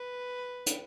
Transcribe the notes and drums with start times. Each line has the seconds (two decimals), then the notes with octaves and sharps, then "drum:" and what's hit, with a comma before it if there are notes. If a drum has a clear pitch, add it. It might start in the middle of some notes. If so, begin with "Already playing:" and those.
Already playing: B4
0.66 drum: hi-hat